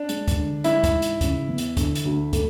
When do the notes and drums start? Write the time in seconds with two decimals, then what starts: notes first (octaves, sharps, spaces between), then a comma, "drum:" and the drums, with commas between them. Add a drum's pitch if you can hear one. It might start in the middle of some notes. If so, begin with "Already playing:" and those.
Already playing: D4
0.09 G#3, drum: hi-hat
0.28 drum: kick, hi-hat
0.37 D3
0.64 G#3 E4, drum: hi-hat
0.84 drum: kick, hi-hat
0.93 G#2
1.02 drum: hi-hat
1.21 C#3, drum: kick, hi-hat
1.48 E2
1.58 drum: hi-hat
1.77 D3, drum: kick, hi-hat
1.95 drum: hi-hat
2.05 D2
2.33 A3, drum: kick, hi-hat